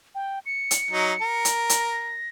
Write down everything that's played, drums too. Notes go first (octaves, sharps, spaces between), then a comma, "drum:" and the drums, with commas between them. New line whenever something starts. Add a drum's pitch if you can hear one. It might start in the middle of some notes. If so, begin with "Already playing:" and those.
G5
C#7
drum: hi-hat
F#3 D#4
A#4
drum: hi-hat
drum: hi-hat
A#6